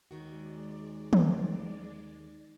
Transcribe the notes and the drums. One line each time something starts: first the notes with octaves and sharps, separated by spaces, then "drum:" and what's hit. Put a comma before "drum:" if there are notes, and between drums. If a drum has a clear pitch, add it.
D#2 D#3 G#3 F#4 D5
drum: tom